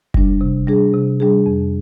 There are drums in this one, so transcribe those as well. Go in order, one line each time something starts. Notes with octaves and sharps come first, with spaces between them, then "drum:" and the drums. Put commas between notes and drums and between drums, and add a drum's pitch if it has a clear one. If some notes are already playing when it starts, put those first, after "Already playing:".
G3 D4, drum: kick F#1
C3
G3 D4 G#4
C3
G3 D4 G#4
F2